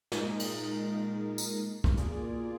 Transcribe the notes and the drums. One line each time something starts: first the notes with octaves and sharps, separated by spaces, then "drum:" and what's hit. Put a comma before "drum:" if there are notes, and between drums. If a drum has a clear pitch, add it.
A#2 G#3 D#4 A#4, drum: snare
drum: cymbal
drum: tambourine
drum: kick
B2 A#3 F4 G#4 D5, drum: hi-hat